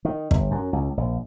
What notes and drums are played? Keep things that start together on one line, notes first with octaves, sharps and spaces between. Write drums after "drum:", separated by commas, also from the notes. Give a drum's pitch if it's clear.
D#3
G1, drum: kick
F#2
C#2
A#1